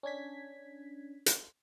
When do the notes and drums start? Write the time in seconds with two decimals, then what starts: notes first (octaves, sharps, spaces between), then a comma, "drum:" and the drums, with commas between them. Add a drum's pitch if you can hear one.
0.03 C#4 D4 G#6 B6
1.26 drum: hi-hat